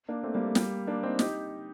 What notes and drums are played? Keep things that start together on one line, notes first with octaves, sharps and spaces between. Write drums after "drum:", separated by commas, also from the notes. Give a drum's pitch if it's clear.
A#3 D4
A3 C4
G3 A#3
A3
G3 A#3, drum: snare
A#3 D4
C4 D#4
D#4 G4, drum: snare